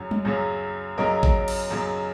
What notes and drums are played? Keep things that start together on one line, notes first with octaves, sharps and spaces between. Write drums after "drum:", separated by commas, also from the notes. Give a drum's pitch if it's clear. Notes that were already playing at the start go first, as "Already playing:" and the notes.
Already playing: F#2 C#3 F#3 C#4
drum: tom G3
F#2 C#3 F#3 C#4
F#2 C#3 F#3 C#4 A#4 D#5
drum: kick
drum: cymbal
F#2 C#3 F#3 C#4